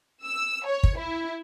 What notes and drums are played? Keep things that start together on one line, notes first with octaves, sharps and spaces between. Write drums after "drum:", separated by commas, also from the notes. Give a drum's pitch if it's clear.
E6
C#5
drum: kick
E4